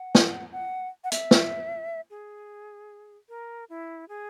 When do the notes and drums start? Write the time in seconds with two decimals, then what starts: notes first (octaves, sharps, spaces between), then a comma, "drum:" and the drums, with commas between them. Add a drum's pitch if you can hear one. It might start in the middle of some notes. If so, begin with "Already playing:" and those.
Already playing: F#5
0.15 drum: snare
0.52 F#5
1.04 F#5
1.12 E5, drum: hi-hat
1.31 drum: snare
2.10 G#4
3.29 A#4
3.69 E4
4.08 G#4